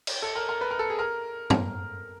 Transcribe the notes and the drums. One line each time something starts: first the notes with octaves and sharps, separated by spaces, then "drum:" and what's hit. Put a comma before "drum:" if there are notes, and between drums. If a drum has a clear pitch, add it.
drum: cymbal
A4
A#4
A#4
B4
A#4
A4
G#4
A#4
drum: tom